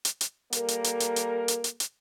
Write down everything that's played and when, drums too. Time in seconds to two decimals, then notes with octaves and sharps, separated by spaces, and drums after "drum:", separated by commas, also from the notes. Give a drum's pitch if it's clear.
0.05 drum: hi-hat
0.21 drum: hi-hat
0.53 G3 A#3 A4 A#4, drum: hi-hat
0.68 drum: hi-hat
0.84 drum: hi-hat
1.00 drum: hi-hat
1.16 drum: hi-hat
1.48 drum: hi-hat
1.64 drum: hi-hat
1.80 drum: hi-hat